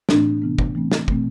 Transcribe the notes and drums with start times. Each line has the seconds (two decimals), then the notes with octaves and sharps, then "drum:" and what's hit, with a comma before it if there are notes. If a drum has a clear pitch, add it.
0.09 A2 E3 A3 C4 D4, drum: snare
0.42 C3 E3 B3
0.59 drum: kick
0.75 E3 A3 C4
0.92 drum: snare
1.08 B2 A3 C4, drum: kick